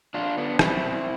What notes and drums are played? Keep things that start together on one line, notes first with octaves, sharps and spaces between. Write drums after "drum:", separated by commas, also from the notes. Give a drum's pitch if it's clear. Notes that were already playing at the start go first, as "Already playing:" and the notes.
F2 D4 F4
D3 B3 D4
E2 C4 E4, drum: rim click
B2